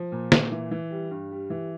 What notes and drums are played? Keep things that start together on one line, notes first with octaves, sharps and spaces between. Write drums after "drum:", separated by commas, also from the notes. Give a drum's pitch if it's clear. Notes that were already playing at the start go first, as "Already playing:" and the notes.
Already playing: F3
A#2
A#2, drum: snare
E3
E3
G3
G2
G3
E3